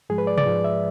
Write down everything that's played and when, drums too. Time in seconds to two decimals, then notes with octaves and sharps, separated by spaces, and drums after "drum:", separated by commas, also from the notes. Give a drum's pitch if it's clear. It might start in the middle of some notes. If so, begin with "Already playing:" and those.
0.09 G#2 F3 G#3 G#4
0.18 B4
0.27 D5
0.38 D5, drum: tom C3
0.46 G#2 F3 G#3
0.64 E5